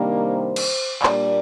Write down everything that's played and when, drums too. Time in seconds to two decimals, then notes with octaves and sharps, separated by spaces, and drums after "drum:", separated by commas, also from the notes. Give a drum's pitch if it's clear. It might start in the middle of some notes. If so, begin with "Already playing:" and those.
Already playing: C3 D#3 G3 A#3 D4
0.23 C5
0.56 drum: cymbal
1.03 A#2 G3 A#3 D4 D5, drum: clap